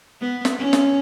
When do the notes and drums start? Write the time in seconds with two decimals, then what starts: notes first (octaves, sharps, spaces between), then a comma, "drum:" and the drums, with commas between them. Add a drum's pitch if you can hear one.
0.21 B3
0.45 drum: snare
0.59 C#4
0.73 drum: snare